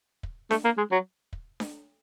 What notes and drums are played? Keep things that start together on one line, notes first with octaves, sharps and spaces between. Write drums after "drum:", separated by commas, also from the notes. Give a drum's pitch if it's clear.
drum: kick
A3, drum: snare D4
A#3
G#3
F#3
drum: kick
drum: snare D4